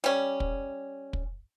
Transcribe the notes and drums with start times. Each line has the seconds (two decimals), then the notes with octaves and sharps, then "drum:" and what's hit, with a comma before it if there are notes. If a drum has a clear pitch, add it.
0.04 G3 C#4
0.40 drum: kick
1.13 drum: kick